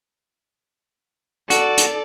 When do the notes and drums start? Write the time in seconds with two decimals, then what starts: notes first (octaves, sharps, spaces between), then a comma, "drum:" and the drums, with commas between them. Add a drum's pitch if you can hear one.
1.50 F#4 A4 D5, drum: hi-hat
1.77 drum: hi-hat